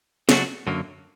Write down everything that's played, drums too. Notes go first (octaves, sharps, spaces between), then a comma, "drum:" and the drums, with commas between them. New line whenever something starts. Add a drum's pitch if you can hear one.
C#3 F#3 A3 D4 F#4, drum: snare
F#2 D3 F#3 A#3